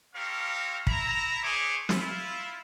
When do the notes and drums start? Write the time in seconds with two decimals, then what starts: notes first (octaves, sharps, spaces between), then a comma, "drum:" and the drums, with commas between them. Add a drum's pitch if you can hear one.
0.15 C4 G4 A4 A#4 C#5 F5
0.87 E4 A#5, drum: kick
1.43 A3 G#4 C5 C#5 E5 D6
1.89 E4 F4, drum: snare